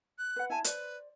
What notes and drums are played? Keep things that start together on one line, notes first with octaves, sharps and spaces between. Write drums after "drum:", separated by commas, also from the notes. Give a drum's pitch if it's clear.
F#6
B4 F#5
E4 G#5 A5
B4 C5 D5, drum: hi-hat